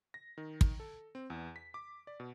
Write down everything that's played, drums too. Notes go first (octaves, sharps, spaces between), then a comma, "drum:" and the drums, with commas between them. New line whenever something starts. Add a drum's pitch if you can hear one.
A#6
D#3
drum: kick
A4
C4
E2
B6
D6
D5
B2